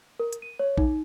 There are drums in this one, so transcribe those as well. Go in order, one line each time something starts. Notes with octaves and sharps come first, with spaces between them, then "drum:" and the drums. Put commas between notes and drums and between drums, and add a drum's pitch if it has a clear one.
A#4
drum: hi-hat
D#7
C#5
D#4, drum: kick A#1